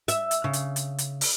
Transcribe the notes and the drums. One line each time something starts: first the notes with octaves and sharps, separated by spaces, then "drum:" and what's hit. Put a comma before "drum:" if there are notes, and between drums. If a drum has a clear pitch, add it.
E5, drum: hi-hat
drum: hi-hat
C#3
drum: hi-hat
drum: hi-hat
drum: hi-hat
drum: open hi-hat